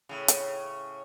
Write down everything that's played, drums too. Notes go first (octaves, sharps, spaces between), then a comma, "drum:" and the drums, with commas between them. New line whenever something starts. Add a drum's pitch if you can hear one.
A2 C#3
drum: hi-hat